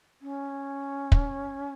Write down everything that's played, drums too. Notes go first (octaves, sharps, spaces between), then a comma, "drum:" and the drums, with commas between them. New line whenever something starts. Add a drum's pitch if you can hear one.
C#4
drum: kick